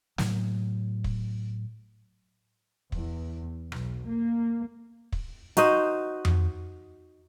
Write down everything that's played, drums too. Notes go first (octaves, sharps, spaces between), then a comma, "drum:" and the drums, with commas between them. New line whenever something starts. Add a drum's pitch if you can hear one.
A2 F#3, drum: snare
drum: kick
E2, drum: kick
B1, drum: rim click
A#3
drum: kick
D#4 F#4 C5 D#5, drum: hi-hat
drum: tom F2